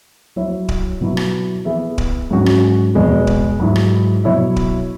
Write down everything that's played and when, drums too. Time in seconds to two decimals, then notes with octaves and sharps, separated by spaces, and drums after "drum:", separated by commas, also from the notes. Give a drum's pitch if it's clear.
0.36 F#3 E4 C#5 E5
0.69 drum: kick D1
1.01 B2 F#3 B3 E4
1.17 drum: rim click
1.65 E3 B3 G#4 E5
1.98 drum: kick D1
2.31 G#2 F#3 C#4 F#4
2.46 drum: rim click
2.95 E2 B2 G#3 B3
3.27 drum: kick D1
3.60 G#2 F#3 E4
3.76 drum: rim click
4.24 B2 F#3 E4 C#5 E5
4.56 drum: kick D1